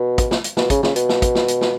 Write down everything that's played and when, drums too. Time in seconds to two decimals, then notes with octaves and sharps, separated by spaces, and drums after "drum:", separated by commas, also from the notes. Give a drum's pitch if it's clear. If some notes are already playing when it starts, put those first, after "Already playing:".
Already playing: B2
0.18 drum: kick, hi-hat
0.31 drum: snare
0.44 drum: hi-hat
0.57 B2, drum: snare
0.70 C#3, drum: kick, hi-hat
0.83 C#3, drum: snare
0.96 B2, drum: hi-hat
1.09 drum: snare
1.22 drum: kick, hi-hat
1.35 drum: snare
1.48 drum: hi-hat
1.61 drum: snare